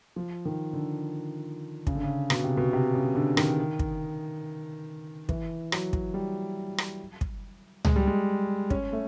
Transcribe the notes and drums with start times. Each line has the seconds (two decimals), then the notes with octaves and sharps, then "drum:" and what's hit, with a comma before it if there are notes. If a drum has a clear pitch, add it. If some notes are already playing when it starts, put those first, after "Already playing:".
0.16 F3
0.45 D#3
0.73 D3
1.87 C#3, drum: kick
1.95 D3
2.03 C#3
2.30 B2, drum: rim click
2.44 C3
2.57 B2
2.73 C3
2.94 C#3
3.15 D3
3.37 D#3, drum: rim click
3.79 drum: kick
5.29 E3, drum: kick
5.72 F#3, drum: rim click
5.93 drum: kick
6.14 G3
6.78 drum: rim click
7.21 drum: kick
7.85 G#3, drum: tom C#2
7.96 G3
8.07 G#3
8.70 C#4, drum: kick
8.93 A3